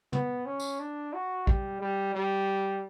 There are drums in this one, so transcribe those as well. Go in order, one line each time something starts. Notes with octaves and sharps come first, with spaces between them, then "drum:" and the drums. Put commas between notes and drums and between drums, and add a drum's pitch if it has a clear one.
B3, drum: tom
C#4
drum: tambourine
D4
F#4
G3, drum: kick
G3
G3